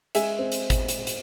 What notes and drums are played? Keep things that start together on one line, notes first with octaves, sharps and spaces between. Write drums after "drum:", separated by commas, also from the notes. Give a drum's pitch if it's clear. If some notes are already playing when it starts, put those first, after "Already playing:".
G#3 E5 G#5, drum: hi-hat
C4
drum: hi-hat
drum: kick, hi-hat
drum: hi-hat
drum: hi-hat